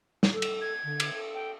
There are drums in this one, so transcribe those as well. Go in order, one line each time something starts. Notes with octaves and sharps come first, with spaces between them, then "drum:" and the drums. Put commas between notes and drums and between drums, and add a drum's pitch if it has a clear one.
drum: snare
A4
drum: cymbal
G#6
D3
drum: cymbal
A4
G5